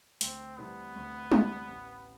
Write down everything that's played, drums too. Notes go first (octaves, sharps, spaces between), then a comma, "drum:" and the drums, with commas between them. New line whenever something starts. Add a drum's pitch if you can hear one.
D2 C4, drum: hi-hat
C3 E3 G3 B3 C4
D2
C3 E3 G3 C4, drum: tom
A1